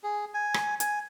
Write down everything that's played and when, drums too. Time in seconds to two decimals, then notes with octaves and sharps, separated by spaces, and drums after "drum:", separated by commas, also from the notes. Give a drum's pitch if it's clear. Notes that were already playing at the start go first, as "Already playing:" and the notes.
0.03 G#4
0.34 G#5
0.54 drum: rim click
0.80 G#5, drum: hi-hat